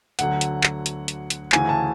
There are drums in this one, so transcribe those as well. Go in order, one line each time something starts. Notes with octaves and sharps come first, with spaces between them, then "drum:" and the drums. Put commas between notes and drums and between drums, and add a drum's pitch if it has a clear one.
D2 D3 F#3 F#5, drum: hi-hat
drum: hi-hat
drum: clap
drum: hi-hat
drum: hi-hat
drum: hi-hat
D2 C#3 E3 G#5, drum: clap
A5